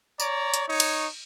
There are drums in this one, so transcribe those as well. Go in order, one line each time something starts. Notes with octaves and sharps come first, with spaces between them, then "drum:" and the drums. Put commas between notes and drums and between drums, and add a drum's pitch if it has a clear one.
C#5 D5 A#5, drum: tambourine
drum: hi-hat
D#4 C#5
drum: cymbal